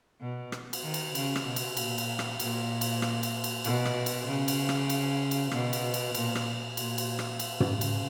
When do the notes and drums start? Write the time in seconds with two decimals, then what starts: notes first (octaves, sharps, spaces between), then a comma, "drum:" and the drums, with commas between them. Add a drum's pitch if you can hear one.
0.21 B2
0.52 drum: rim click
0.73 drum: cymbal
0.83 D#3
0.94 drum: cymbal
1.15 C#3, drum: cymbal
1.36 drum: rim click
1.46 B2
1.56 drum: cymbal
1.77 A#2, drum: cymbal
1.98 drum: cymbal
2.19 drum: rim click
2.40 A#2, drum: cymbal
2.81 drum: cymbal
3.02 drum: rim click
3.23 drum: cymbal
3.44 drum: cymbal
3.64 B2, drum: cymbal
3.85 drum: rim click
4.06 drum: cymbal
4.27 C#3
4.48 drum: cymbal
4.69 drum: rim click
4.90 drum: cymbal
5.31 drum: cymbal
5.51 B2, drum: rim click
5.73 drum: cymbal
5.94 drum: cymbal
6.15 A#2, drum: cymbal
6.35 drum: rim click
6.77 A#2, drum: cymbal
6.98 drum: cymbal
7.19 drum: rim click
7.40 drum: cymbal
7.60 drum: tom
7.70 C#3
7.81 drum: cymbal